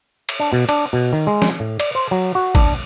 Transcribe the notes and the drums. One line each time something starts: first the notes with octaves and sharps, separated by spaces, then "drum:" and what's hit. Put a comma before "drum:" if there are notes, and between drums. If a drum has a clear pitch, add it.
drum: cymbal
D4
B2
D4, drum: cymbal
B2
D#3
G#3
drum: snare
A2
D5, drum: cymbal
C5
F#3
F#4
D4, drum: kick, cymbal